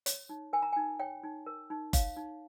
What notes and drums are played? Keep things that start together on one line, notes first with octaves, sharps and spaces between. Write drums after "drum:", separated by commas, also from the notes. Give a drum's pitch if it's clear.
C#5, drum: hi-hat
D#4
A#4 G#5
A#5
G#5
D#4
C#5 G5
D#4
A#4
D#4
C#5 F5, drum: kick F#1, hi-hat
D#4